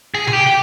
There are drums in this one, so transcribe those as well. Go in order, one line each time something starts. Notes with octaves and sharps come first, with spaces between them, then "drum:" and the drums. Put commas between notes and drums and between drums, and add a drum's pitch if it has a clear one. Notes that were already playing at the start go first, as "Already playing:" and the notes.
G#4
G#4, drum: tom C3
G4
G4